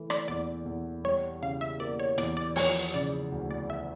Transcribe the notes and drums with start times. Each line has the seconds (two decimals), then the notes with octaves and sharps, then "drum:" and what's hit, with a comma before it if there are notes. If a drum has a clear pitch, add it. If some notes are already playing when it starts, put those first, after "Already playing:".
Already playing: E3 A3
0.10 D5, drum: rim click
0.28 E2 D5
0.66 E2
1.04 G3 C#5
1.42 C#3 F5
1.61 E5
1.80 A#3 D5
2.00 C#5
2.18 E2 D5, drum: hi-hat
2.37 D5
2.56 F3 C#5, drum: open hi-hat
2.94 C#3 D5
3.32 D2
3.51 D5
3.70 E5